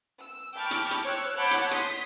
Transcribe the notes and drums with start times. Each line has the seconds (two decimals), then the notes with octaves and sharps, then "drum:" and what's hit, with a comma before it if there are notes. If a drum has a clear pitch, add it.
0.21 E6
0.55 G5 A5 B5 C#6 D6 F6
0.71 drum: hi-hat
0.91 drum: hi-hat
1.04 C5 C#5 E6 F#6
1.36 C#5 F#5 A5 B5 D6 G6
1.51 drum: hi-hat
1.71 C6 D#6 B6, drum: hi-hat